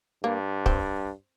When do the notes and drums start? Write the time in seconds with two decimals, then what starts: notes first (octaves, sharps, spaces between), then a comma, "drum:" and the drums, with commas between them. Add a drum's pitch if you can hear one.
0.24 G2 A#3
0.66 C4, drum: kick